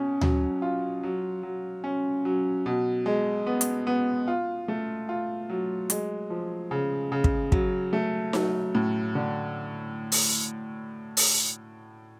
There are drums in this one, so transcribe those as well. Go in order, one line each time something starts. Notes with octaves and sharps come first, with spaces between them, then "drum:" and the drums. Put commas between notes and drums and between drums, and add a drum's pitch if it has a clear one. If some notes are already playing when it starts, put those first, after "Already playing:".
Already playing: B2 C#4
F#3, drum: tom D2
F4
F#3
F#3
C#4
F#3
B2
G#3
B3
drum: hi-hat
B3
F4
A3
F4
F#3
G#3, drum: hi-hat
F3
C#3
C#3
drum: kick
F#3, drum: kick
A3
F#3, drum: snare D#4
A2
D3
drum: open hi-hat
drum: open hi-hat